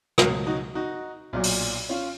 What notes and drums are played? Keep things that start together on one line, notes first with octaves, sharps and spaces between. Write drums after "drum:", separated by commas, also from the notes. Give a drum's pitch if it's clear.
C#2 B2 F#3 F#4 A#4, drum: rim click
D#4 F#4
D#4 F#4
B1 A#2 F#3
drum: open hi-hat
C#4 F4